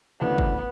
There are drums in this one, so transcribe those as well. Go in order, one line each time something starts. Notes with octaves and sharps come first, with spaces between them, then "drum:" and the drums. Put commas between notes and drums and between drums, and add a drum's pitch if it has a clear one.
D2 C#3 E3 A3 B3 D4
drum: kick